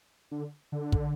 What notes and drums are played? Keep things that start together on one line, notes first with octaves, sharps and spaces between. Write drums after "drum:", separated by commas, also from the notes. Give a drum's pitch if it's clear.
D3
D3
drum: kick